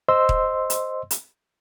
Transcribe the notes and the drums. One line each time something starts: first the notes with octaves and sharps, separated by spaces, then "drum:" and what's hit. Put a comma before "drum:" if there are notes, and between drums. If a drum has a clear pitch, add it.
C5 D#5 C6 E6
drum: kick D#1
drum: hi-hat
drum: hi-hat